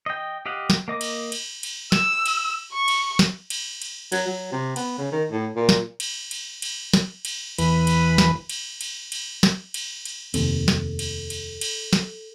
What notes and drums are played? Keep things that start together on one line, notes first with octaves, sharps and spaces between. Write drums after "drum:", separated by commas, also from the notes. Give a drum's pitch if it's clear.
D#5 G5
G4 D#5 F5 F#5
drum: snare
A#3 D#5 D6
drum: cymbal
drum: cymbal
drum: cymbal
E6, drum: snare
drum: cymbal
C#6
drum: cymbal
drum: snare
drum: cymbal
drum: cymbal
F#3, drum: cymbal
F#3
C3
B3, drum: cymbal
C#3
D#3
A2
A#2
drum: snare
drum: cymbal
drum: cymbal
drum: cymbal
drum: snare
drum: cymbal
E2 E3 B4 B5, drum: cymbal
drum: cymbal
drum: snare
drum: cymbal
drum: cymbal
drum: cymbal
drum: snare
drum: cymbal
drum: cymbal
F1 D#2 C4 A4, drum: cymbal
drum: snare
drum: cymbal
drum: cymbal
drum: cymbal
drum: snare